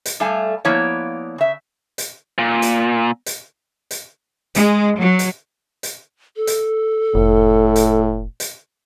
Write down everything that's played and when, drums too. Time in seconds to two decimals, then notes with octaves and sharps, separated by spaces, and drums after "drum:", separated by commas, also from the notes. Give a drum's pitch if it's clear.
0.06 drum: hi-hat
0.20 G3 A3 A4 F5 G#5
0.65 F3 A#3 B3 E4 C#5 D5
1.38 C#3 E5
1.98 drum: hi-hat
2.38 A#2
2.62 drum: hi-hat
3.26 drum: hi-hat
3.91 drum: hi-hat
4.55 G#3, drum: hi-hat
4.99 F#3
5.19 drum: hi-hat
5.83 drum: hi-hat
6.36 A4
6.47 drum: hi-hat
7.15 F1 A2
7.76 drum: hi-hat
8.40 drum: hi-hat